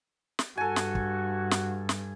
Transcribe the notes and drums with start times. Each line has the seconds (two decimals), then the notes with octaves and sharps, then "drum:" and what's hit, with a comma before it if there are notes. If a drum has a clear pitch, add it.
0.39 drum: snare
0.57 G2 F#4 A4 G#5
0.76 drum: snare
0.95 drum: kick
1.51 drum: snare
1.89 drum: snare